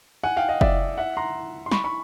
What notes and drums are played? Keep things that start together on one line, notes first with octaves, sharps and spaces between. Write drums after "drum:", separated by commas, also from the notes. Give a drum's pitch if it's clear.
F#5 G#5
F5 G5
D#5 F5
D5 E5, drum: kick
E5 F#5
A#5 C6
C6
B5 C#6, drum: snare
B5 C#6